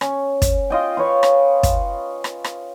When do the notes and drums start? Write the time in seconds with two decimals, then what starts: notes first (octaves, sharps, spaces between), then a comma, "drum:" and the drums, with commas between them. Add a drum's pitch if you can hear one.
0.01 C#4, drum: rim click
0.42 drum: kick, hi-hat
0.70 F4 D#5 G5
0.97 F4 B4 C#5
1.23 drum: rim click
1.63 drum: kick, hi-hat
2.24 drum: rim click
2.44 drum: rim click